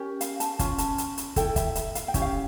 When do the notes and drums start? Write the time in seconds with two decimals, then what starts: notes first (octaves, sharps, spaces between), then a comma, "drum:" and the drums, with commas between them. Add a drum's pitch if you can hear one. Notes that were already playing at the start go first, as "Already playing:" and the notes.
Already playing: C#4 G4 A#4
0.21 F5, drum: hi-hat
0.40 A5, drum: hi-hat
0.59 C#4 F4, drum: kick, hi-hat
0.78 A5, drum: hi-hat
0.98 drum: hi-hat
1.17 drum: hi-hat
1.36 E4 A4 G5, drum: kick, hi-hat
1.56 E5, drum: kick, hi-hat
1.75 E5, drum: hi-hat
1.95 F5, drum: hi-hat
2.08 G5
2.14 C#4 E4 G4, drum: kick, hi-hat
2.22 F5